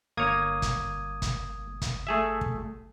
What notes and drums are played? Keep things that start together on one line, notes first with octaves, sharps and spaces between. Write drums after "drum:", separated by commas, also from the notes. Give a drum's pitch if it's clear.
G1 A#3 C#5 D#6 G#6
drum: kick, hi-hat
drum: kick, hi-hat
drum: kick, hi-hat
A3 G#4 E5
drum: kick